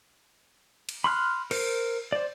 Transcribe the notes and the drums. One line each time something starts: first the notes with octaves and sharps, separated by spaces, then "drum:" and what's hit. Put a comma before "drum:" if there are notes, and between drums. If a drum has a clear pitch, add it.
drum: cymbal
B5 C6 F6 F#6
A#4 C5, drum: cymbal
C5 D5